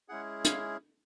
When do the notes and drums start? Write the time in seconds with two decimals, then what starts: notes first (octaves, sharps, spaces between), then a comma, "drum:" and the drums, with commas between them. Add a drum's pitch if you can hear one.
0.08 G#3 C#4 E4 G#4 F#5
0.45 F5, drum: hi-hat